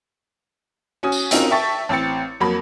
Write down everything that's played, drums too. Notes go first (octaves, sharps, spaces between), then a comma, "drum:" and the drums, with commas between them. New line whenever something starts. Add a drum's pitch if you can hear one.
C#4 F#4 G#5 D#6
drum: tambourine
C4 C#4 D#4 F4 F#4 A#4, drum: hi-hat
E5 G5 A5 C#6 A6
A1 C4 G5 A6 C#7
F2 F#3 A#3 B5